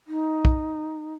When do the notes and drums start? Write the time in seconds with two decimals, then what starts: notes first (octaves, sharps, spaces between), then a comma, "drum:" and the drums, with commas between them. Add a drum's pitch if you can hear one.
0.07 D#4
0.45 drum: kick B1